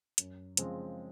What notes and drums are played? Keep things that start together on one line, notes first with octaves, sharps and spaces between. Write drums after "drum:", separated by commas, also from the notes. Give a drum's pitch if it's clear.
F#2, drum: hi-hat
C#3 F3 G#3 C4, drum: hi-hat